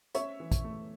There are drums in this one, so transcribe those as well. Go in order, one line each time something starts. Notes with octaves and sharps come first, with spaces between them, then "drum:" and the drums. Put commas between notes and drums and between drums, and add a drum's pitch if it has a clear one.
C#4 C#5 E5, drum: hi-hat
E3
drum: kick, hi-hat
A3